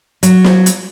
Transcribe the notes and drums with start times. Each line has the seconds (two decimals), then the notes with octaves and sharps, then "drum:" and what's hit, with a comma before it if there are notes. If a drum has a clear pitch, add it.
0.23 F#3, drum: hi-hat
0.44 drum: snare
0.66 drum: hi-hat